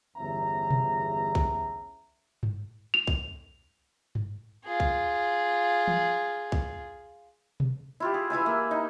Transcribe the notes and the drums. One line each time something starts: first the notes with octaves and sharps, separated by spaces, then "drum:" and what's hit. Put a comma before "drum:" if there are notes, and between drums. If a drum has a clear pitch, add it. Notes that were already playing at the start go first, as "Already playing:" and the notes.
G1 E2 C#4 G#4 E5 A#5
drum: tom B2
drum: kick C2
drum: tom G2
F7
drum: kick C2
drum: tom G2
F4 G#4
drum: kick C2
drum: tom
drum: kick C2
drum: tom B2
E4 F4 G4
G#4
E3 E4 E5 G#5
A#3
D#4